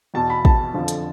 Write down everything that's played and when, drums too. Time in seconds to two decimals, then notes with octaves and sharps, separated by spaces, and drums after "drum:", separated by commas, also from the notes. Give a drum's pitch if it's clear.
0.14 E2 B2 A5
0.30 B5
0.45 A5, drum: kick
0.74 F2 D3 F3
0.88 drum: hi-hat